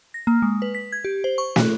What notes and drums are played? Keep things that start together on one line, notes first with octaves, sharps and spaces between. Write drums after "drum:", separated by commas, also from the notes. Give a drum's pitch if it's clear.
A#6
A#3
G#3
B4
B6
G#6
G4
C5
C#6
F#6, drum: snare